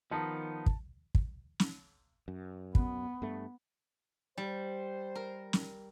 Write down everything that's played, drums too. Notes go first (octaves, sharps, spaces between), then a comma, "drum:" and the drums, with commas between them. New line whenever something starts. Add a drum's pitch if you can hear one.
D#3 F3 B3 D#4 A5
drum: kick
drum: kick
drum: snare
F#2
B3, drum: kick
G2 A3
G3 C5
A#4
drum: snare